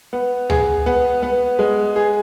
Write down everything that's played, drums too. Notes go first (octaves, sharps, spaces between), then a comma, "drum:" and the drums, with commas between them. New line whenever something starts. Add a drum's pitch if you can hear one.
B3
G#4, drum: tom C#2
B3
B3
G#3
G#4